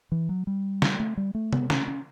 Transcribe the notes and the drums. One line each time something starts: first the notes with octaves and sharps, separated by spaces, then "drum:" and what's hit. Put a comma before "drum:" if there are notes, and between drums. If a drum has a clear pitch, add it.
E3
F#3
G3
drum: snare
A3
G3
A3
B3, drum: tom C3
C#4, drum: snare
C#4